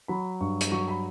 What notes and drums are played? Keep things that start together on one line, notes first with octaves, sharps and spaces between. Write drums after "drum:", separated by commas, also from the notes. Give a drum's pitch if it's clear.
F#3 B5
G2 C#6
drum: hi-hat
F#3 C#6
B5